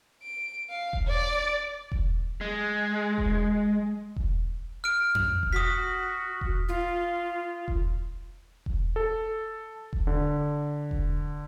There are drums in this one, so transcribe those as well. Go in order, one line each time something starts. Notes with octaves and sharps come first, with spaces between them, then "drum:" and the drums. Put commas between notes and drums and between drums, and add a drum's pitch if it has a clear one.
D7
F5
drum: kick E1
D5
drum: kick E1
G#3
drum: kick E1
drum: kick E1
F6 D7
drum: tom F2
drum: kick E1
F#4 D#6 B6
drum: kick E1
F4
drum: kick E1
drum: kick E1
A4
drum: kick E1
D3
drum: kick E1